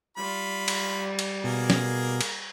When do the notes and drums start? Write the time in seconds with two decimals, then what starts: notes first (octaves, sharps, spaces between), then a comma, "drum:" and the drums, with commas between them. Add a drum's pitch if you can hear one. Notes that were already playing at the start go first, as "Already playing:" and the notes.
0.17 G3 F4 B5
0.68 drum: cymbal
1.19 drum: cymbal
1.44 B2 A#3 G#4 A#4
1.70 drum: snare
2.21 drum: cymbal